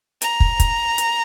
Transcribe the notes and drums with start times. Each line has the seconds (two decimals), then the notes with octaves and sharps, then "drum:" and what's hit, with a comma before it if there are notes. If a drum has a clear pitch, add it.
0.22 A#5, drum: hi-hat
0.40 drum: kick
0.60 drum: kick, hi-hat
0.98 drum: hi-hat